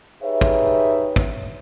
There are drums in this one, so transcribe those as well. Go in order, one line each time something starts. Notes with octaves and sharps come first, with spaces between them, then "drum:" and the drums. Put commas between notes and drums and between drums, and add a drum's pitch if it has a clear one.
D#4 G4 G#4 B4 C#5 E5
drum: kick
drum: kick